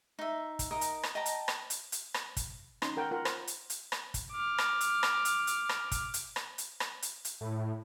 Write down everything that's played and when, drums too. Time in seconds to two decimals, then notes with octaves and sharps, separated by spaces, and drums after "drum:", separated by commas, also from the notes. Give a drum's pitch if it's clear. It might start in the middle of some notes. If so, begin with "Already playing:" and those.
0.19 D#4 E5
0.59 drum: kick, hi-hat
0.71 D#4 A#4 A#5 D#6
0.81 drum: hi-hat
1.03 drum: rim click
1.15 D#5 G5 A5 A#5
1.26 drum: hi-hat
1.48 drum: rim click
1.70 drum: hi-hat
1.92 drum: hi-hat
2.14 drum: rim click
2.37 drum: kick, hi-hat
2.82 C#4 D#4 C6, drum: rim click
2.97 A#4 F#5 G5
3.11 F4 A#4 F#5
3.25 C5, drum: rim click
3.47 drum: hi-hat
3.70 drum: hi-hat
3.92 drum: rim click
4.14 drum: kick, hi-hat
4.32 D6 F6
4.58 drum: rim click
4.81 drum: hi-hat
5.03 drum: rim click
5.25 drum: hi-hat
5.47 drum: hi-hat
5.69 drum: rim click
5.92 drum: kick, hi-hat
6.14 drum: hi-hat
6.36 drum: rim click
6.58 drum: hi-hat
6.80 drum: rim click
7.02 drum: hi-hat
7.25 drum: hi-hat
7.41 A2